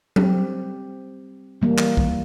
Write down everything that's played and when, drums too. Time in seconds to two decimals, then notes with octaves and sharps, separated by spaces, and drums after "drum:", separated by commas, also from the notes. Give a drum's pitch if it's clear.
0.16 G3 C4 G4, drum: tom F#3
1.62 E3 G3 A#3
1.78 drum: clap
1.97 drum: kick